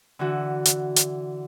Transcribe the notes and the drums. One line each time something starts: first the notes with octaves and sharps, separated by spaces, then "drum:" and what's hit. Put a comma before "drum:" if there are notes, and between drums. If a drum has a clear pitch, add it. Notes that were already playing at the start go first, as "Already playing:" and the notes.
D3 E3 F#4
drum: hi-hat
drum: hi-hat